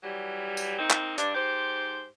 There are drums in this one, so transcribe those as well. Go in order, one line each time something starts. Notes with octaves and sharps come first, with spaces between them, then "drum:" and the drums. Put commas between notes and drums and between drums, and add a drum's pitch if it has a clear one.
E3 F#3 G3
drum: tambourine
A#3 C4 D#4
drum: clap
G2 D4, drum: hi-hat
G#2 G4 C5